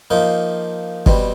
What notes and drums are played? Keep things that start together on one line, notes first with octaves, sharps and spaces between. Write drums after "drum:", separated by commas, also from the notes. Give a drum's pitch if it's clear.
F3 A#3 D#4
B2 G3 C4, drum: kick